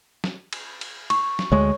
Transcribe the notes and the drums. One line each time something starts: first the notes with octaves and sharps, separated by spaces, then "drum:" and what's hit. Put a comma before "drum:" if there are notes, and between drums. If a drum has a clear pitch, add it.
drum: snare
drum: cymbal
drum: cymbal
C#6, drum: cymbal
drum: snare
D2 G#3 C#5 C#6